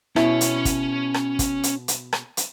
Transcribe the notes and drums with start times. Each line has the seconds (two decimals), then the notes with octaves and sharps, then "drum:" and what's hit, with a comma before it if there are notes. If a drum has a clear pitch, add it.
0.16 B2 C#4 E4 C#5, drum: rim click
0.41 drum: hi-hat
0.65 drum: kick, hi-hat
1.14 drum: rim click
1.39 drum: kick, hi-hat
1.63 drum: hi-hat
1.88 drum: hi-hat
2.13 drum: rim click
2.37 drum: hi-hat